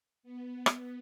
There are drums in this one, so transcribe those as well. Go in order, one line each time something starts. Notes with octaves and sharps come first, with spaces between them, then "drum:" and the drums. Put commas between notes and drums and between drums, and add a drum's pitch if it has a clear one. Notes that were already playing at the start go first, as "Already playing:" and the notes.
B3
drum: rim click